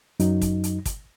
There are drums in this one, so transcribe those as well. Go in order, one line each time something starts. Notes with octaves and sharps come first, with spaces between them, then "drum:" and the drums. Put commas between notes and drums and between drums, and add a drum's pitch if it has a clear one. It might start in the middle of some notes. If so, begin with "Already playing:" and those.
F#2 F#3 D#4, drum: hi-hat
drum: kick, hi-hat
drum: hi-hat
drum: kick, hi-hat